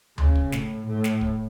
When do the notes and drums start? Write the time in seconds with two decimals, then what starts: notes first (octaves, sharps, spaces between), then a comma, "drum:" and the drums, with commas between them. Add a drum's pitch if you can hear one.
0.18 C#3, drum: tom D2
0.35 drum: kick
0.52 A2, drum: snare
0.87 A2
1.04 drum: snare
1.21 drum: kick